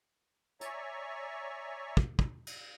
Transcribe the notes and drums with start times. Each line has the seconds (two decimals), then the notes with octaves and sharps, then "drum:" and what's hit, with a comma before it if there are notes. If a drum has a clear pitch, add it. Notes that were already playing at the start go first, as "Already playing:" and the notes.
0.61 C#5 D5 E5 G#5 A#5 C#6, drum: hi-hat
1.97 drum: kick
2.19 drum: kick
2.47 drum: cymbal